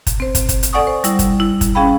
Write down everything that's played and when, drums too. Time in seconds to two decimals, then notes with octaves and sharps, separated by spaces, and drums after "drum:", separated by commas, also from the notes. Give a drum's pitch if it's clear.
0.07 drum: kick, hi-hat
0.20 C4 C5
0.35 drum: kick, hi-hat
0.49 drum: kick, hi-hat
0.63 drum: hi-hat
0.73 A4 D5 F#5 G#5 C#6 D#6
0.87 C5
1.04 G3 E4, drum: hi-hat
1.19 drum: kick, hi-hat
1.40 E4
1.61 drum: kick, hi-hat
1.75 C#4 G#4 F5 G5 B5